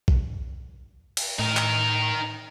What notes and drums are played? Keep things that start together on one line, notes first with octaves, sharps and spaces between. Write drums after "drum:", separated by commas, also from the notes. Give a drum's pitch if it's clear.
drum: kick A#1
drum: cymbal
A2 D#4 A#4
drum: clap